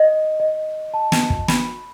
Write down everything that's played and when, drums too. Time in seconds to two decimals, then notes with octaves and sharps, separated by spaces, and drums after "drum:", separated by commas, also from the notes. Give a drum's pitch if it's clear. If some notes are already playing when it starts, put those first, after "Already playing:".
Already playing: D#5
0.40 D#5
0.94 A5
1.12 drum: snare
1.30 drum: kick
1.48 B5, drum: snare